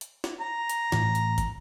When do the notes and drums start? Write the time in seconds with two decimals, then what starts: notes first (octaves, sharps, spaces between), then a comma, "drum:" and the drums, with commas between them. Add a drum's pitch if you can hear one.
0.01 drum: hi-hat
0.24 drum: snare
0.40 A#5
0.69 drum: hi-hat
0.92 A2 E3, drum: snare
1.15 drum: hi-hat
1.38 drum: kick, hi-hat